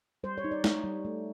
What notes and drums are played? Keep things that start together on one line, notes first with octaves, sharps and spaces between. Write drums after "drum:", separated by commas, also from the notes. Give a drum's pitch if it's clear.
G3 C5
C#5
D#4
D5
D#4 C#5, drum: snare
G3
A3